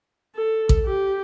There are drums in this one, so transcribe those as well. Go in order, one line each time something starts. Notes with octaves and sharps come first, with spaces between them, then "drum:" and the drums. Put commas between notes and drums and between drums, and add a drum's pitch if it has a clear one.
A4
drum: kick A1
G4